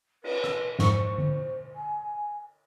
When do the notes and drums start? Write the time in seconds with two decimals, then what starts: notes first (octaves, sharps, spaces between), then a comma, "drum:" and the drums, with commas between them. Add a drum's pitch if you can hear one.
0.24 B4, drum: cymbal
0.44 drum: rim click
0.79 F2 G#2 C5 C#6, drum: snare
1.18 drum: tom D3
1.76 G#5